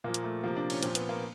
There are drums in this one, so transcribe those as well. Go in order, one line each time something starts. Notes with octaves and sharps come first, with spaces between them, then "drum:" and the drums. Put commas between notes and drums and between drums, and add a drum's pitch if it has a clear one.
A#2 F3 A#3
drum: hi-hat
A3
C3 F3 A#3
D4
C#4, drum: cymbal
A#2 F3 C4, drum: hi-hat
B3, drum: hi-hat
A#3